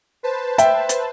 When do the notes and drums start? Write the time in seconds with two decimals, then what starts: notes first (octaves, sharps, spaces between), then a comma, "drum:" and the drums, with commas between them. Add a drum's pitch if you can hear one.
0.23 B4 C5 A5
0.58 E5 G5, drum: hi-hat
0.89 drum: hi-hat